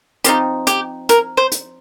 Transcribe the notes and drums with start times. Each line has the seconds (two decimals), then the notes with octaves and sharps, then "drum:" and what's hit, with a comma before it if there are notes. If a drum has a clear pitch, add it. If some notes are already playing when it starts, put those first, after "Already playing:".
0.24 F3 C4 D#4 G4, drum: hi-hat
0.67 G4, drum: hi-hat
1.09 A#4, drum: hi-hat
1.37 C5
1.52 drum: hi-hat